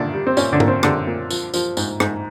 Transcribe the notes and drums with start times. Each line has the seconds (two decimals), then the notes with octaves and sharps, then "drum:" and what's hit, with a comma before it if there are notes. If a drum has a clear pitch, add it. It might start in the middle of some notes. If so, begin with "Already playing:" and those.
Already playing: A#2 D3 D#3 D4
0.14 G3
0.27 C4
0.37 A#2 C#4, drum: tambourine
0.53 D3 D4
0.60 A#2, drum: tom G#2
0.68 C4
0.83 A#2 D3 D4, drum: rim click
1.07 A#2
1.30 F3, drum: tambourine
1.54 F3, drum: tambourine
1.77 G#2, drum: tambourine
2.00 G#2, drum: rim click